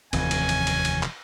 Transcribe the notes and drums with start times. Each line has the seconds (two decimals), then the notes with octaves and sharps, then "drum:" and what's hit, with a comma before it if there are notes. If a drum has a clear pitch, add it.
0.13 F1 D#2 E3 C4 C#4 G#5, drum: cymbal
0.31 drum: cymbal
0.49 drum: cymbal
0.67 drum: cymbal
0.85 drum: cymbal
1.03 drum: clap